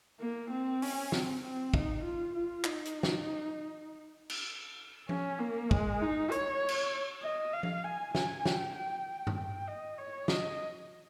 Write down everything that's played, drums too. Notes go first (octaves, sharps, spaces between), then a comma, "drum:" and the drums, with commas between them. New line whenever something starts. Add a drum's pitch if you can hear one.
A#3
C4
C#4, drum: open hi-hat
C4, drum: snare
C4
D#4, drum: kick
F4
F4
D#4, drum: clap
drum: hi-hat
drum: snare
drum: cymbal
C#4, drum: tom F3
A#3
G#3, drum: kick
D#4
C#5, drum: hi-hat
drum: cymbal
D#5
F5
drum: tom F3
G#5
G#5, drum: snare
G5, drum: snare
G5
drum: tom G2
G5
D#5
C#5
D#5, drum: snare